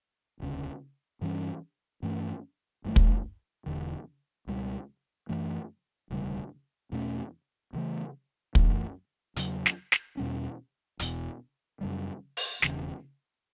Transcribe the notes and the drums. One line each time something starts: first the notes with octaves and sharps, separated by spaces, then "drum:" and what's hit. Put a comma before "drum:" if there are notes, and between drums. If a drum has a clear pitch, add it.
E1 D2 C#3
G2 E3 G3 C#4
G2 E3 A3 C#4
G1 G2 E3 A3
drum: kick
E1 E2 D3
C#2 B2 G3
F#2 E3 A3
E1 D2 C#3 G3
E2 B2 A3 C#4
D2 C#3 E3 A3
F#2 E3 A3, drum: kick
E2 C#3 F#3, drum: hi-hat
drum: snare
drum: snare
E2 B2 G3 C#4
E1 E2 B2, drum: hi-hat
F#2 C#3 G3
drum: open hi-hat
E1 E2 C#3, drum: snare